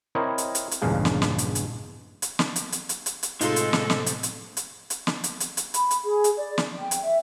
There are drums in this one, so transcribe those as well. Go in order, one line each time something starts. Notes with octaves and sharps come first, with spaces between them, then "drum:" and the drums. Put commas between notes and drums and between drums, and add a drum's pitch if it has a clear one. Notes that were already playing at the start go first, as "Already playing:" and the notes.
C4 E4 A#4 C5 C#5 D#5
drum: hi-hat
drum: hi-hat
drum: hi-hat
A#1 E2 G2 C#3 G#3 F5
drum: snare
drum: snare
drum: hi-hat
drum: hi-hat
drum: hi-hat
drum: snare
drum: hi-hat
drum: hi-hat
drum: hi-hat
drum: hi-hat
drum: hi-hat
A2 C3 G#3 D#4 F4 A4 C6, drum: hi-hat
drum: hi-hat
drum: snare
drum: snare
drum: hi-hat
drum: hi-hat
drum: hi-hat
drum: hi-hat
drum: snare
drum: hi-hat
drum: hi-hat
drum: hi-hat
B5, drum: hi-hat
drum: hi-hat
G#4
drum: hi-hat
D5
drum: snare
G5
drum: hi-hat
E5